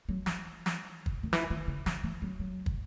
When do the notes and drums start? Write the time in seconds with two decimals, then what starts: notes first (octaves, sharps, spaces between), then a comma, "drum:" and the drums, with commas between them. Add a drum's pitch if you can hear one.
0.09 F#3
0.26 E3, drum: snare
0.66 drum: snare
1.06 drum: kick
1.23 D#3
1.33 E3, drum: snare
1.50 D#3
1.68 C#3
1.86 C#3, drum: snare
2.04 E3
2.22 F#3
2.39 F#3
2.66 drum: kick